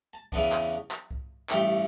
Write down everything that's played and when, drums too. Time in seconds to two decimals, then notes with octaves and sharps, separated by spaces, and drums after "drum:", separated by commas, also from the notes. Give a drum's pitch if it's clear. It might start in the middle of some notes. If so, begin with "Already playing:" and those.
0.13 A5
0.32 E2 C#3 E3 B3 D4 A5, drum: kick C2
0.52 drum: clap
0.91 drum: clap
1.11 drum: kick C2
1.50 A1 G2 E3 A3 G5, drum: clap